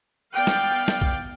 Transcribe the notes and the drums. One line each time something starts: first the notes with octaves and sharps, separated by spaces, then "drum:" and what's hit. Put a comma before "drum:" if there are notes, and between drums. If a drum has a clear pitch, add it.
B3 D5 F5 G5
drum: snare
drum: snare
drum: kick B1